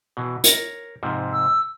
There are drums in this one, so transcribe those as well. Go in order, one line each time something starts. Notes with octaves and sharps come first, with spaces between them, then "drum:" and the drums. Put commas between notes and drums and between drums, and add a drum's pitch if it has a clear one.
B2 E3
A#4 C#5, drum: hi-hat
G#2 C3 F3
E6